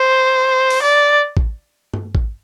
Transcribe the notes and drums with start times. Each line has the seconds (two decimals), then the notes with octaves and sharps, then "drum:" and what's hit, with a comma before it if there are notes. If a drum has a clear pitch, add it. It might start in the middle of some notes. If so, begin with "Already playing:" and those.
Already playing: C5
0.70 drum: open hi-hat
0.83 D5
1.37 drum: kick A1
1.94 drum: tom G2
2.15 drum: kick A1